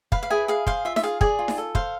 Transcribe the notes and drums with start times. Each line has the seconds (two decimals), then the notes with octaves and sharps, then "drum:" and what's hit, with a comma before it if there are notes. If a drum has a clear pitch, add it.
0.12 B4 F5, drum: kick
0.23 F5
0.30 E4 G#4 G#5
0.48 G#4 F5
0.67 C5 F5, drum: kick
0.85 F4 E5
0.96 E5, drum: snare D#4
1.03 G#4 F5
1.21 G#4 D5 G#5, drum: kick
1.39 F4
1.48 drum: snare D#4
1.58 A4
1.75 C5 F5, drum: kick